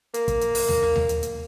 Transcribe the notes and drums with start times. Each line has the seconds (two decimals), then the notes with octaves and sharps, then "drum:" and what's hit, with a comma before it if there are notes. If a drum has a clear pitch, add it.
0.14 A#3, drum: hi-hat
0.28 drum: kick, hi-hat
0.41 drum: hi-hat
0.55 drum: open hi-hat
0.68 drum: tom D#2
0.82 drum: snare
0.96 drum: tom D#2
1.09 drum: hi-hat
1.23 drum: hi-hat